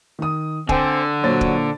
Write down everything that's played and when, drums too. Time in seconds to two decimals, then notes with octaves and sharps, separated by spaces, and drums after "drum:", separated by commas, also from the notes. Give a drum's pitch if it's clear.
0.19 D#3 D#6
0.69 D3 C4 G#5, drum: kick
1.23 A#2 F#3 C5 A6
1.41 drum: kick